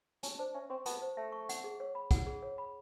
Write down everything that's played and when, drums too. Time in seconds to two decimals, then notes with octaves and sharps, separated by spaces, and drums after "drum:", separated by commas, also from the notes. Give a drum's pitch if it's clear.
0.23 C#4 A5, drum: hi-hat
0.38 D4 C5
0.54 C#4 E5
0.70 C4 C#6
0.85 B3 A5, drum: hi-hat
1.02 C5
1.17 A3 E5
1.32 C#6
1.49 F#5, drum: hi-hat
1.64 G#4
1.80 C#5
1.95 B5
2.11 F#5, drum: kick, hi-hat
2.27 G#4
2.42 C#5
2.58 B5